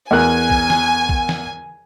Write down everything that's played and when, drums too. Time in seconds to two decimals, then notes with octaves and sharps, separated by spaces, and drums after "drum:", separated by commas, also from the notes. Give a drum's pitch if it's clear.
0.11 E2 A#4 G#5 F#6
0.50 drum: kick A#1
0.70 drum: snare
1.09 drum: kick A#1
1.29 drum: snare